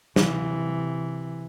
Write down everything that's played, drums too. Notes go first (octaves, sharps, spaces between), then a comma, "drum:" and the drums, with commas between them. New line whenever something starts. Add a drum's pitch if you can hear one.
C3 E3, drum: snare